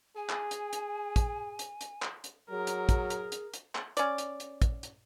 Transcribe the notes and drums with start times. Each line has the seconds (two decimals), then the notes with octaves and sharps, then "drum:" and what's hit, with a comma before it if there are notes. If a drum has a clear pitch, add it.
0.16 G#4 G#5
0.29 drum: clap
0.51 drum: hi-hat
0.73 drum: hi-hat
1.16 drum: kick, hi-hat
1.59 drum: hi-hat
1.81 drum: hi-hat
2.02 drum: clap
2.24 drum: hi-hat
2.51 F#3 G#4 A#4
2.67 drum: hi-hat
2.89 drum: kick, hi-hat
3.10 drum: hi-hat
3.32 drum: hi-hat
3.54 drum: hi-hat
3.75 drum: clap
3.97 C#4 D5, drum: hi-hat
4.18 drum: hi-hat
4.40 drum: hi-hat
4.62 drum: kick, hi-hat
4.83 drum: hi-hat